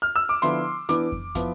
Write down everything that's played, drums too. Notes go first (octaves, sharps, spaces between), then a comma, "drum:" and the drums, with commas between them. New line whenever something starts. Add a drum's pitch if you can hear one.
F6
E6
D6
D3 F3 B3 E4 C6, drum: hi-hat
E3 B3 D4 D6, drum: hi-hat
drum: kick
F3 B3 E4, drum: kick, hi-hat